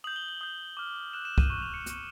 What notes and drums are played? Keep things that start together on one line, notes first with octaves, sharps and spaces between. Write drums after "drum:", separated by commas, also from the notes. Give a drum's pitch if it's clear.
D#6 G6 F#7
G7
F#7
D#6 G6
D6 F6
D6 F#6 E7
E7
D#7, drum: kick
C#6 F#6 D#7
F7
C#7
C#6 F6, drum: hi-hat